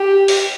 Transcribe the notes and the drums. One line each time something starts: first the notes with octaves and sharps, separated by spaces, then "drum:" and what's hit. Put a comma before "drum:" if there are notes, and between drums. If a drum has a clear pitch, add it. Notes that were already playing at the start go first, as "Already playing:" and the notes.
Already playing: G4
drum: open hi-hat